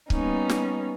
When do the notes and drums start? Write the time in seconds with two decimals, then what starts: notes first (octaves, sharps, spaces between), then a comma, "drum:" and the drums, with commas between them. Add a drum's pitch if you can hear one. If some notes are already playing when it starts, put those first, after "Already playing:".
0.10 G3 A#3 B3 C#4 D#4, drum: kick C#1
0.49 drum: snare